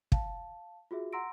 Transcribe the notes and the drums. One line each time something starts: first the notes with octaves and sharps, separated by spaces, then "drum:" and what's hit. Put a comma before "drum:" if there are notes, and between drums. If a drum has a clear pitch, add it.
F5 A5, drum: kick
F4 F#4 G#4 E5
F#5 A#5 C6 E6 A#6 D7